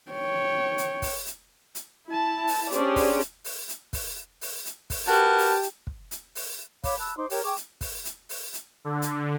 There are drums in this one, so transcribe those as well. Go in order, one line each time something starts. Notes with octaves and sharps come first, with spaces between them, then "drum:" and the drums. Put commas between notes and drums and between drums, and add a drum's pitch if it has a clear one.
C#5 G5
drum: hi-hat
drum: kick, open hi-hat
drum: hi-hat
drum: hi-hat
E4 A5
drum: open hi-hat
C#4 D4 G4 G#4 C5 D5, drum: hi-hat
drum: kick, open hi-hat
drum: hi-hat
drum: open hi-hat
drum: hi-hat
drum: kick, open hi-hat
drum: open hi-hat
drum: hi-hat
drum: kick, open hi-hat
F#4 G4 A#4 B4 A5
drum: open hi-hat
drum: hi-hat
drum: kick
drum: hi-hat
drum: open hi-hat
C#5 F5 B5 D6, drum: kick, open hi-hat
A5 B5 E6 F#6
D#4 C5 C6 D6
G4 A#4 C#5 G5, drum: open hi-hat
G#4 G5 C#6 D6
drum: hi-hat
drum: kick, open hi-hat
drum: hi-hat
drum: open hi-hat
drum: hi-hat
D3
drum: hi-hat